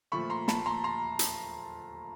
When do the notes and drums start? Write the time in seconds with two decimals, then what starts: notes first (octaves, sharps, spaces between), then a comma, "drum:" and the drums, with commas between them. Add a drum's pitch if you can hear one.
0.12 A#2 F3 A3 B5 C#6
0.30 A#5 C6
0.48 A5 B5, drum: snare
0.66 A#5 C6
0.84 A#5 C6
1.19 drum: hi-hat